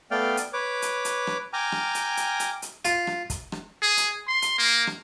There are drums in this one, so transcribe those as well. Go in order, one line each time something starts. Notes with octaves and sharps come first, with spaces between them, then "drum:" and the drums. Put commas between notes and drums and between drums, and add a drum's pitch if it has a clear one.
A3 B3 D5 F5 G5 F6
drum: hi-hat
B4 C#5 D6
drum: hi-hat
drum: hi-hat
drum: rim click
G5 G#5 A#5 D6 F6
drum: rim click
drum: hi-hat
drum: hi-hat
drum: hi-hat
drum: hi-hat
F4, drum: hi-hat
drum: rim click
drum: kick, hi-hat
drum: rim click
G#4
drum: hi-hat
C6
drum: hi-hat
A#3
drum: rim click